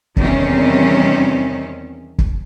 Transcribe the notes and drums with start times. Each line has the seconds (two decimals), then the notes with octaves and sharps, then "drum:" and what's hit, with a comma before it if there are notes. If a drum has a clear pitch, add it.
0.17 E2 C3 D#3 G3 C4 C#4, drum: kick
2.18 drum: kick